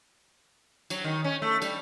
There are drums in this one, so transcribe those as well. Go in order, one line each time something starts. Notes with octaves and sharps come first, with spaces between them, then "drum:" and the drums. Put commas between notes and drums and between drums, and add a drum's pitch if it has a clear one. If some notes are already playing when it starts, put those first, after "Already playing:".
F#3, drum: cymbal
D#3
C#4
A3
G3, drum: cymbal